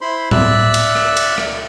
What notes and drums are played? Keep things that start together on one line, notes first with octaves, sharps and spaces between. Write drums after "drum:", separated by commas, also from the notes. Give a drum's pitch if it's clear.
E4 C5 B5 C6
D5 E5 E6 F#6, drum: tom A2
drum: cymbal
drum: rim click
drum: cymbal
drum: rim click